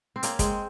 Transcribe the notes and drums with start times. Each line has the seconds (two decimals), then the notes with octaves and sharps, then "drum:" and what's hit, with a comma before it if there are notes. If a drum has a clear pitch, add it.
0.16 C4
0.23 A#3 C#4, drum: hi-hat
0.39 G#3 C4, drum: kick, hi-hat